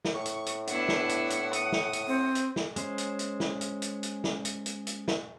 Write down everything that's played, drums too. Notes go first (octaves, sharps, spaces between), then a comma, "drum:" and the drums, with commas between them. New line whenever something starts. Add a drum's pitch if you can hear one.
drum: snare
A2 C#6
drum: hi-hat
drum: hi-hat
B3 D4 E4 F#5, drum: hi-hat
drum: snare
drum: hi-hat
drum: hi-hat
D#6, drum: hi-hat
drum: snare
drum: hi-hat
C4
drum: hi-hat
drum: snare
G#3 C#4 C5, drum: hi-hat
drum: hi-hat
drum: hi-hat
drum: snare
drum: hi-hat
drum: hi-hat
drum: hi-hat
drum: snare
drum: hi-hat
drum: hi-hat
drum: hi-hat
drum: snare